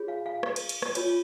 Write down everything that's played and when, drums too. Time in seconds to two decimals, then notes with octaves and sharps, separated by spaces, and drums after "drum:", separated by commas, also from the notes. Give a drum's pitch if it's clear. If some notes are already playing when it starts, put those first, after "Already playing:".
Already playing: F4 G#4 C#5
0.08 F5
0.26 F5
0.43 drum: rim click
0.56 drum: cymbal
0.69 drum: cymbal
0.82 drum: rim click
0.95 F4 C#5, drum: cymbal